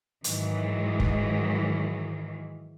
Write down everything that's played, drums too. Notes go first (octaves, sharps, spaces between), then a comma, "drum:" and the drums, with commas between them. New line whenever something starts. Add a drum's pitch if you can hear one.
G#2 D#3 E3 F#3 G#3, drum: hi-hat
drum: kick F1